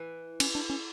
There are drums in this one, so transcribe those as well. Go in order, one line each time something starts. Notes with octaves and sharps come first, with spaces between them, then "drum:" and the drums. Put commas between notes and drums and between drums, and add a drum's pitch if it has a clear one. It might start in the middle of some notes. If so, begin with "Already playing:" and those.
Already playing: E3
C#4, drum: cymbal
D4
C#4